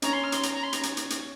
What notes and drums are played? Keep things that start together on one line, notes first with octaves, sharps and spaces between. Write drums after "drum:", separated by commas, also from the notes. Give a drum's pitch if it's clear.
C#4 A#5, drum: hi-hat
C6
F6
C6, drum: hi-hat
A#5, drum: hi-hat
A#5
C6
A#5, drum: hi-hat
drum: hi-hat
drum: hi-hat
drum: hi-hat